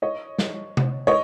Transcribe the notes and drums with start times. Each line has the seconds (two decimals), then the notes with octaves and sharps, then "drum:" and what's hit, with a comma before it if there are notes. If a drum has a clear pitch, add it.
0.02 C#5 D#5
0.39 drum: snare
0.77 drum: tom C3
1.07 C#5 D#5